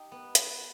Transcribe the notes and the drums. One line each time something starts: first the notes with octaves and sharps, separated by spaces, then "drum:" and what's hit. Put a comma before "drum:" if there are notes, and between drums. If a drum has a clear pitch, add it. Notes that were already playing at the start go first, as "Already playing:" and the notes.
Already playing: D#4 G4
B3
drum: hi-hat